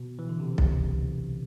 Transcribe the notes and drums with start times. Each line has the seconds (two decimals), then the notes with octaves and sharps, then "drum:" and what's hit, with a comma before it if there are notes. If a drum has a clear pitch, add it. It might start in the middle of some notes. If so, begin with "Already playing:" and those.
Already playing: B2
0.19 E3
0.29 D3
0.40 C3
0.58 drum: kick B1